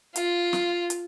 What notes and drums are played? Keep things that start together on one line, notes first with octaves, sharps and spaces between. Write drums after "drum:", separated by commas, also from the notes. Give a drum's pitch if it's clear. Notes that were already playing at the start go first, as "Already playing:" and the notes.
F4, drum: hi-hat
drum: snare
drum: hi-hat